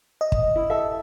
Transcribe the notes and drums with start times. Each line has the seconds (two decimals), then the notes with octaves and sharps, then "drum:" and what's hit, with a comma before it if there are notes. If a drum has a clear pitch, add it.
0.21 D#5
0.32 drum: kick
0.56 E4
0.70 A4 E5